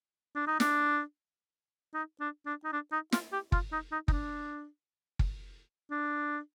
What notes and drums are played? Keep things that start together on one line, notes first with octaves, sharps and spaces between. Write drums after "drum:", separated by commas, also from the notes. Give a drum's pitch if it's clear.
D4
D#4
D4, drum: snare
D#4
D4
D4
D#4
D4
D#4
F4, drum: snare
G4
F4, drum: kick
D#4
D#4
D#4, drum: kick
D4
drum: kick
D4